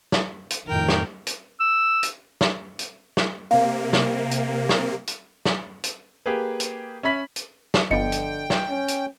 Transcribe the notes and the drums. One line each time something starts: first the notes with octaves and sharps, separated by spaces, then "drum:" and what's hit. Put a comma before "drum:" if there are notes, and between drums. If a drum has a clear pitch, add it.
drum: snare
drum: hi-hat
F2 A2 D#3 A#4 G5
drum: snare
drum: hi-hat
E6
drum: hi-hat
drum: snare
drum: hi-hat
drum: snare
C3 A#3 F5
drum: snare
drum: hi-hat
drum: snare
drum: hi-hat
drum: snare
drum: hi-hat
A#3 G4 G#4 B4
drum: hi-hat
C#4 E5 B5 B6 F#7
drum: hi-hat
drum: snare
G1 D3 F3 B3 D#5 G5 C#7
drum: hi-hat
drum: snare
C#4
drum: hi-hat